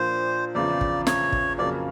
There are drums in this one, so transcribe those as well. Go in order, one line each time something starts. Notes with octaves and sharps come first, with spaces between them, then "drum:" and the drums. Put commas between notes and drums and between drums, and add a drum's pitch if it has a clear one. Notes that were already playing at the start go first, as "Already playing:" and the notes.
Already playing: A#2 F3 A#3 D4 C5
E2 C#3 F3 D5
drum: kick
C#5, drum: snare
drum: kick
F2 C#3 F#3 A#3 D5